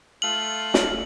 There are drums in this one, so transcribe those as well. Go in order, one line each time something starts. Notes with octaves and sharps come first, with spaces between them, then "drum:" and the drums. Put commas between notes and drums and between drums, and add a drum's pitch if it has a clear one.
A3 F4 F#7
drum: snare